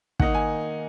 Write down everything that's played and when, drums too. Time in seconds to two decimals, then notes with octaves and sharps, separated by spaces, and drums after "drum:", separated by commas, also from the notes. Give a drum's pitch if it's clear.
0.20 D#3 A#3 D#4 F#5, drum: kick
0.34 G#5